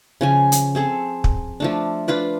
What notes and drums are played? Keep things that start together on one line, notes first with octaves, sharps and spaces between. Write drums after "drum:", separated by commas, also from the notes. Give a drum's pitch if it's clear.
C#3 F3 G#5
drum: hi-hat
C4 G#4 A4
drum: kick
F3 A3 D4
D4 F4 B4 D5